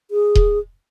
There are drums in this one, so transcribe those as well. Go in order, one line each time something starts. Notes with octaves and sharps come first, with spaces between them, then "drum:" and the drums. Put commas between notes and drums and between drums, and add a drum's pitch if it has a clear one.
G#4
drum: kick D#1